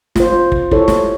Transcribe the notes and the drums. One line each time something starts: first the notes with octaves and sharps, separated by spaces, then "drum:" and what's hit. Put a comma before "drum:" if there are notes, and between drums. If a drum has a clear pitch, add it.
F4 C5, drum: snare
drum: kick
E4 G4 A4 C5 C#5, drum: kick
drum: snare